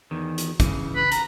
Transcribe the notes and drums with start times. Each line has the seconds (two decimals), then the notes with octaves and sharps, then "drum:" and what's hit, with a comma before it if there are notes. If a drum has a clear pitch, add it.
0.11 E2 D#3
0.38 drum: hi-hat
0.60 C#3 E3, drum: kick, hi-hat
0.96 B4
1.12 A#5, drum: hi-hat